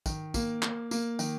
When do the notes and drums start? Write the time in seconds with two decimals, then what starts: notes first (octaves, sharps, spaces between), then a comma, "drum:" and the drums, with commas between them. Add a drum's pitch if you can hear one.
0.06 D#3, drum: kick, tambourine
0.34 A#3, drum: kick, tambourine
0.62 A#3, drum: clap
0.91 A#3, drum: tambourine
1.19 D#3, drum: tambourine